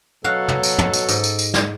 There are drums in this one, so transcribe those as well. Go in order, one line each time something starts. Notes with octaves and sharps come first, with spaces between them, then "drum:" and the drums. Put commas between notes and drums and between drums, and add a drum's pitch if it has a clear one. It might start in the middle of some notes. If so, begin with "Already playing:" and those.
B2 F#3 F#4 A4 F5
drum: tom
drum: tambourine
drum: tom
drum: tambourine
G#2, drum: tambourine
drum: tambourine
drum: tambourine
drum: snare